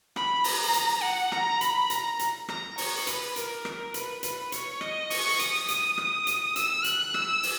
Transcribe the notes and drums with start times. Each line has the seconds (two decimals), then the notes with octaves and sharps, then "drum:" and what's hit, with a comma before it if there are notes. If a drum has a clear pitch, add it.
0.16 B5, drum: rim click
0.44 A#5, drum: open hi-hat
0.74 drum: hi-hat
1.03 F#5
1.32 A#5, drum: rim click
1.61 B5, drum: hi-hat
1.90 A#5, drum: hi-hat
2.19 drum: hi-hat
2.49 A#5, drum: rim click
2.78 C#5, drum: open hi-hat
3.07 B4, drum: hi-hat
3.36 A#4, drum: hi-hat
3.65 drum: rim click
3.94 B4, drum: hi-hat
4.23 B4, drum: hi-hat
4.52 C#5, drum: hi-hat
4.81 D#5, drum: rim click
5.10 C#6, drum: open hi-hat
5.40 D#6, drum: hi-hat
5.68 D#6, drum: hi-hat
5.98 drum: rim click
6.27 drum: hi-hat
6.56 E6, drum: hi-hat
6.84 F#6, drum: hi-hat
7.14 E6, drum: rim click
7.43 drum: open hi-hat